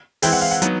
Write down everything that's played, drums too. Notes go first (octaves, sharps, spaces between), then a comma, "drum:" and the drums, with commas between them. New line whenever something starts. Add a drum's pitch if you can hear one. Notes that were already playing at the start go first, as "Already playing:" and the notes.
E3 G#3 C4 E4 G5, drum: open hi-hat
F#5
F5
F#5
F#3 B3 D#4, drum: hi-hat